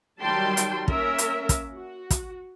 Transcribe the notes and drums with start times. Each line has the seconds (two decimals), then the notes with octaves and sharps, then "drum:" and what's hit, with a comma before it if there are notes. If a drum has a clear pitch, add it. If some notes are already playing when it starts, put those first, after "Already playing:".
0.20 D#3 F#3 G3 G5 A5 C6
0.57 drum: hi-hat
0.88 A#3 C#4 A#4 E5, drum: kick
1.18 drum: hi-hat
1.49 drum: kick, hi-hat
1.77 F#4
2.10 drum: kick, hi-hat